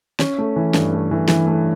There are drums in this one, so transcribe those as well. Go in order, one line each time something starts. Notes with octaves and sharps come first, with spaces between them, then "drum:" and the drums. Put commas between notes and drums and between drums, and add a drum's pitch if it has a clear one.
C#4, drum: snare
A3
E3
G2, drum: snare
A3
E3
E3, drum: snare
A3